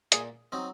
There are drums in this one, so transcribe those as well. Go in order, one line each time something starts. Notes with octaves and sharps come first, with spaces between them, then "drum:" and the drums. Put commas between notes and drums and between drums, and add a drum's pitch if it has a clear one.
A#2 G#4, drum: hi-hat
F#3 C4 D#4